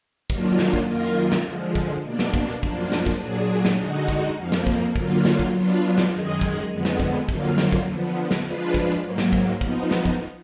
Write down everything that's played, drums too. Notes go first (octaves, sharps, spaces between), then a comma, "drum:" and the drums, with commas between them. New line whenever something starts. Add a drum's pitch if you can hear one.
D#3 F#3 A#3 D4 F4, drum: kick
drum: snare
drum: kick
F#2 D#3 A#3 F4 A#4
drum: snare
D3 F3 G#3
drum: kick
B2 A#3 D4
drum: snare
drum: kick
F#2 F3 A#3 D4, drum: kick
drum: snare
drum: kick
A#2 F#3 D4 G#4
drum: snare
D3 G#3 D#4 F#4
drum: kick
F2 F3 A#3
drum: snare
drum: kick
D3 F#3 A#3 F4, drum: kick
drum: snare
drum: kick
F#3 B3 D4 F4
drum: snare
F#2 D#3 G#3 D#4 G#4
drum: kick
F2 D3 G#3 B3
drum: snare
drum: kick
F2 D3 F#3 A#3 F4, drum: kick
drum: snare
drum: kick
D3 F3 B3
drum: snare
F3 G#3 D4 F4 B4
drum: kick
G#2 F#3 A#3
drum: snare
drum: kick
F3 B3 D#4, drum: kick
drum: snare
drum: kick